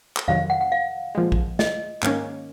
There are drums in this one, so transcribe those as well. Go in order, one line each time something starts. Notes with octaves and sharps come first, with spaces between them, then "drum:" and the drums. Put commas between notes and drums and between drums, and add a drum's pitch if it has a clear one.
drum: clap
F2 C3 D#3 F#3 F5
F#5
F#5
F5
A#2 F3 G#3
drum: kick
D#5, drum: snare
G#2 D#3 A#3 C#4, drum: clap